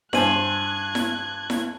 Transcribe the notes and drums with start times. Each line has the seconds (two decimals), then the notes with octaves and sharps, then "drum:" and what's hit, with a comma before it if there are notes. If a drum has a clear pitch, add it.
0.13 G2 C5 G#5 A5 F#6 G#6 D#7 F#7, drum: snare E4
0.95 drum: snare E4
1.50 drum: snare E4